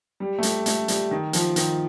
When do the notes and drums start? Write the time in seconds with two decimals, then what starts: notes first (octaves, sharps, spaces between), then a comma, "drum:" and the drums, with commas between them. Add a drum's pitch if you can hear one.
0.20 G3
0.39 A3
0.43 G3, drum: hi-hat
0.66 A3, drum: hi-hat
0.88 G3, drum: hi-hat
1.11 D#3
1.33 F3, drum: hi-hat
1.56 D#3, drum: hi-hat